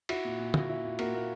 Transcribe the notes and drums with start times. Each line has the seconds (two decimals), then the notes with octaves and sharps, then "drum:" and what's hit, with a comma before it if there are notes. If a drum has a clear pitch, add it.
0.09 E4 F#4, drum: cymbal
0.25 A#2
0.39 A#2
0.54 A#3 F#4, drum: tom
0.69 E4
0.84 A#2
0.99 A#2 F#4 A#4, drum: cymbal
1.14 A#3